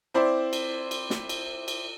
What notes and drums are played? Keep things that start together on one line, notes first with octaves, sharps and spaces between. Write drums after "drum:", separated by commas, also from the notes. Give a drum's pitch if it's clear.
C4 E4 C5 D5
drum: cymbal
drum: cymbal
drum: snare
drum: cymbal
drum: cymbal